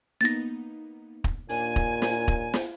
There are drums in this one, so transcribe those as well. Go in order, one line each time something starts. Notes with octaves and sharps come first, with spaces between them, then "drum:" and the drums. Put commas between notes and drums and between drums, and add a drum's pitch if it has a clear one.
A#3 B3 D#4 A6 A#6
drum: kick
D#2 A#2 D4 G#5
drum: kick
drum: snare
drum: kick
drum: snare